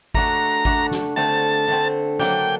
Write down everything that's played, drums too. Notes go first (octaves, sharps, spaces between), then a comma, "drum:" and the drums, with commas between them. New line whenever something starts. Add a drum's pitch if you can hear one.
A3 D4 F#4 A#5, drum: kick G#1
A3 D4 F#4, drum: kick G#1
drum: snare
D3 A3 C4 A5
D3 A3 C4
F#3 A#3 D4 G5, drum: snare